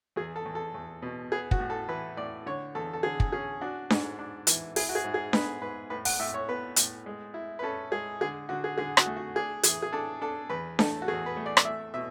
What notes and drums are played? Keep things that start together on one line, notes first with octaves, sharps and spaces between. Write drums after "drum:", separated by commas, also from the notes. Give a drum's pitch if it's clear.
E2 G#4
A4
E2
A4
E2
B2
B3 G#4
F#4, drum: kick
A2
A4
E3 B4
A2 D5
D3 C#5
E2 A4
A4
D3 G#4
drum: kick
C#4 G#4
D4 F#4
G#2, drum: snare D4
D4
E3, drum: hi-hat
E4 G#4, drum: open hi-hat
F#4
G#4
G#2
G#4
B3 B4, drum: snare D4
G#2 B4
A2 B4
F#5, drum: open hi-hat
A2 E5
C#5
B3 B4
A2, drum: hi-hat
G#3
E4
B4
C#4 A4
G#3 G#4
D3 G#4
D3 F#4
G#4
D3 G#4
F#4, drum: rim click
A3
F#4
D4 G#4
E3 G#4, drum: hi-hat
G#4
D4 A4
D4 A4
E2 B4
A3 A4, drum: snare D4
F#4
E2 G#4
B4
A3
D5
D5, drum: rim click
A3 E5
B2 E5